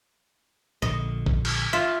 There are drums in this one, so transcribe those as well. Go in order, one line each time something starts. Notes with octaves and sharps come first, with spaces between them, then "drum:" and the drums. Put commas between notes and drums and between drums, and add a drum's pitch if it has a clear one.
A#1 D3 D#5
drum: kick A1
drum: cymbal
F4 E5